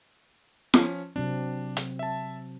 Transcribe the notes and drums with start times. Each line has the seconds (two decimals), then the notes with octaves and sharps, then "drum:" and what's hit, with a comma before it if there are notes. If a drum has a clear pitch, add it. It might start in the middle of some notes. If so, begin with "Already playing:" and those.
0.74 F3 C#4, drum: snare
1.16 C3 F#3 C4 D4
1.77 drum: hi-hat
1.99 E5 A5